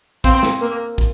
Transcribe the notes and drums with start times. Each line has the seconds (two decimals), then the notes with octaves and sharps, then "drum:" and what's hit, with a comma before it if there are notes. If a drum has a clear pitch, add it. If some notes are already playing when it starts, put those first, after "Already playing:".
0.24 C4 F5, drum: kick
0.43 drum: snare
0.61 A#3 A#4
0.98 drum: kick